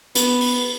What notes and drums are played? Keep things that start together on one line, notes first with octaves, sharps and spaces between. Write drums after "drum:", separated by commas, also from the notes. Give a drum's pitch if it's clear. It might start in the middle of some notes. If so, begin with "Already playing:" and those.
B3, drum: hi-hat
drum: open hi-hat